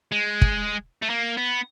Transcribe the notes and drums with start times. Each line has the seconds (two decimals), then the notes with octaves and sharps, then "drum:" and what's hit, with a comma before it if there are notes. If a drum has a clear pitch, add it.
0.12 G#3
0.41 drum: kick
1.02 A3
1.10 A#3
1.37 B3